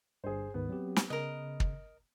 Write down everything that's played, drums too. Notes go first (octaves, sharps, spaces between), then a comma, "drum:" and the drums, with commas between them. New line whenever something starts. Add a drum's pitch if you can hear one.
G1 G2 G#4 C5
D2 G#2 D#3 B3
F#3 C4 G4
drum: snare
C#3 A#4 D#5
drum: kick